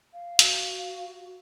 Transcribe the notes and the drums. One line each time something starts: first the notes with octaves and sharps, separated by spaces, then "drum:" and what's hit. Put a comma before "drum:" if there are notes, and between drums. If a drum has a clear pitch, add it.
F5
F#4, drum: hi-hat